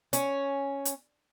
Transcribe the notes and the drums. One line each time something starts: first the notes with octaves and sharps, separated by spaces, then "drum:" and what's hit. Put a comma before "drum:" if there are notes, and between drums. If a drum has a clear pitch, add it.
C#4, drum: hi-hat
drum: hi-hat